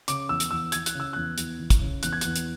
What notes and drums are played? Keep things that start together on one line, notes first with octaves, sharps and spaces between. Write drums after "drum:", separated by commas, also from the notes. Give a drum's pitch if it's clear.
C#3 D6, drum: hi-hat
E2 E6
drum: hi-hat
E2 E6
E3 G#6, drum: hi-hat
F#6, drum: hi-hat
C#3
E6
E2 F#6
E2, drum: hi-hat
E3
drum: kick, hi-hat
C#3
E2 F#6, drum: hi-hat
G#6
E2 F#6, drum: hi-hat
drum: hi-hat